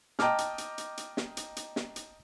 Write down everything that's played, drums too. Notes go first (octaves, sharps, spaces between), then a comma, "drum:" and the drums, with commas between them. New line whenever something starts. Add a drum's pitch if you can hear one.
D#5 G5 A5 A#5 D6 F6, drum: snare
drum: hi-hat
drum: hi-hat
drum: hi-hat
drum: hi-hat
drum: snare
drum: hi-hat
drum: hi-hat
drum: snare
drum: hi-hat